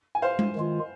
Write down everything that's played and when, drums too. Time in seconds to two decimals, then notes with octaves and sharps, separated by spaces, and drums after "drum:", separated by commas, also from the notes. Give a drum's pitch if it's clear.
0.15 G#5
0.22 C5 F5
0.39 drum: tom G#3
0.55 D#3 G#3 F4